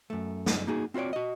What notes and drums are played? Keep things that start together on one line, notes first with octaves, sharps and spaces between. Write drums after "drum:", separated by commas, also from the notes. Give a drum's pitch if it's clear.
F#2 A3
drum: snare
A#3 D#4 F#4 G#4
C4 F4 F#4 C#5 D5
F#4 D#5